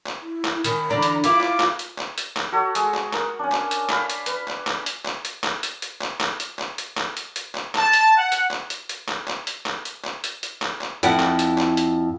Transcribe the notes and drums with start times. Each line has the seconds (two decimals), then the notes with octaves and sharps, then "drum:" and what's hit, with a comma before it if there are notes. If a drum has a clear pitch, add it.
0.07 drum: clap
0.22 E4
0.45 drum: clap
0.64 D#3 C#4 B5, drum: hi-hat
0.89 E2 D3 D4 A#5
1.02 drum: hi-hat
1.24 E4 F4 B4 F5 D6, drum: hi-hat
1.41 drum: clap
1.60 drum: clap
1.79 drum: hi-hat
1.98 drum: clap
2.18 drum: hi-hat
2.37 drum: clap
2.52 F#4 A4 C#5
2.75 G#3, drum: hi-hat
2.94 drum: clap
3.13 A#4, drum: clap
3.39 C#4 D4
3.52 drum: clap
3.71 drum: hi-hat
3.90 F5 B5, drum: clap
4.10 drum: hi-hat
4.26 B4, drum: hi-hat
4.48 drum: clap
4.67 drum: clap
4.86 drum: hi-hat
5.06 drum: clap
5.25 drum: hi-hat
5.44 drum: clap
5.63 drum: hi-hat
5.82 drum: hi-hat
6.02 drum: clap
6.21 drum: clap
6.40 drum: hi-hat
6.59 drum: clap
6.78 drum: hi-hat
6.97 drum: clap
7.17 drum: hi-hat
7.36 drum: hi-hat
7.55 drum: clap
7.75 A5, drum: clap
7.93 drum: hi-hat
8.17 F#5
8.32 drum: hi-hat
8.51 drum: clap
8.70 drum: hi-hat
8.89 drum: hi-hat
9.09 drum: clap
9.28 drum: clap
9.47 drum: hi-hat
9.66 drum: clap
9.85 drum: hi-hat
10.05 drum: clap
10.24 drum: hi-hat
10.43 drum: hi-hat
10.62 drum: clap
10.81 drum: clap
11.03 F2 E4 F#5, drum: hi-hat
11.20 drum: clap
11.39 drum: hi-hat
11.58 drum: clap
11.77 drum: hi-hat